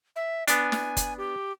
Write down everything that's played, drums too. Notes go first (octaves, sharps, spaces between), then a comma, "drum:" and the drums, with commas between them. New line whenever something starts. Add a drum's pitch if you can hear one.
E5
B3 D4 G#5, drum: hi-hat
drum: snare
drum: kick, hi-hat
G4